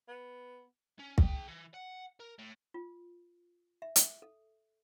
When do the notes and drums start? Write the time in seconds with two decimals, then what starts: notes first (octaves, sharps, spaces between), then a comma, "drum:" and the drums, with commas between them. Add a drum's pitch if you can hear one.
0.08 B3
0.99 C#4
1.18 G#4 G5, drum: kick
1.48 E3
1.74 F#5
2.20 A#4
2.38 A2
2.74 F4
3.82 E5
3.96 drum: hi-hat
4.22 A4